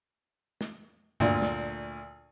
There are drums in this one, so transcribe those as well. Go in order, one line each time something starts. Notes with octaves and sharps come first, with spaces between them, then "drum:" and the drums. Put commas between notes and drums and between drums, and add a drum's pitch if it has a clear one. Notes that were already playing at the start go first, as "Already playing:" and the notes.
drum: snare
D2 A#2, drum: tom G2
drum: snare